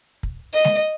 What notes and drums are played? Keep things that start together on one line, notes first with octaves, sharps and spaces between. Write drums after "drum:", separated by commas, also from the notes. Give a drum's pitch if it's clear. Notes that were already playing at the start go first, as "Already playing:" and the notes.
drum: kick
D#5
drum: snare G#3